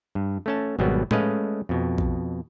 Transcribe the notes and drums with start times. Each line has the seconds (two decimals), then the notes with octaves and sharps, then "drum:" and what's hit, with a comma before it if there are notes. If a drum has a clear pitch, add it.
0.15 G2
0.46 A3 C#4 A5
0.79 G#1 B2 F#3 G3 B3
1.11 G#3 A3 C#4 B4 D#5 F5, drum: tom A2
1.69 F2 B2
1.98 drum: kick A#1